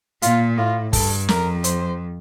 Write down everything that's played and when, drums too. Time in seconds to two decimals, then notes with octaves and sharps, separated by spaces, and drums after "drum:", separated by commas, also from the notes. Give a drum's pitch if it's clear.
0.22 A#2 F4, drum: hi-hat
0.57 A2 F4
0.93 G2 A4, drum: kick, open hi-hat
1.29 F2 A#4, drum: snare
1.64 C5, drum: hi-hat